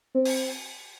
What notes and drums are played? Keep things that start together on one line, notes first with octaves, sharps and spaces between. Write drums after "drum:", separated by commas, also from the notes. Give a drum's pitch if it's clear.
C4
drum: open hi-hat